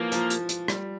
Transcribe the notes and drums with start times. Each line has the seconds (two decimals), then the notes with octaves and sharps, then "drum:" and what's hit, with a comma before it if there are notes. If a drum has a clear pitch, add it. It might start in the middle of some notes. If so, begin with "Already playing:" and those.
Already playing: E3 F3 A#3
0.12 F3, drum: hi-hat
0.30 drum: hi-hat
0.49 drum: hi-hat
0.68 G3, drum: rim click